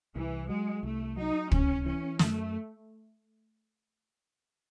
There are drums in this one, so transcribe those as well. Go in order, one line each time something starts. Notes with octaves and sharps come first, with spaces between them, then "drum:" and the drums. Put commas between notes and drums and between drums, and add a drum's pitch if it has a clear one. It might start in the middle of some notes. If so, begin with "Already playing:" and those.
C2 E3
F#3 G#3
C2 A3
F#3 D#4
C2 C#4, drum: kick
E3 C#4
F#2 A3, drum: snare